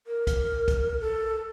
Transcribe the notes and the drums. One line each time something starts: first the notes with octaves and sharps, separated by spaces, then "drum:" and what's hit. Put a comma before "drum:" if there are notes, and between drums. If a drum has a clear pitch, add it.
A#4
drum: kick, hi-hat
drum: kick, hi-hat
A4